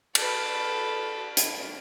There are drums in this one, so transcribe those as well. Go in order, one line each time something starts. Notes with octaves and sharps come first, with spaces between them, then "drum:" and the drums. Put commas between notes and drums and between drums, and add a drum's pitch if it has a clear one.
A4 B4, drum: cymbal
drum: hi-hat